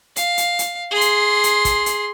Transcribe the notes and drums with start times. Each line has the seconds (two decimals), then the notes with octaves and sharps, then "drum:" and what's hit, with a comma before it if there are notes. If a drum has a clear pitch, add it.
0.16 F5, drum: hi-hat
0.38 drum: hi-hat
0.59 drum: hi-hat
0.91 G#4 C6
1.01 drum: hi-hat
1.44 drum: hi-hat
1.65 drum: kick, hi-hat
1.86 drum: hi-hat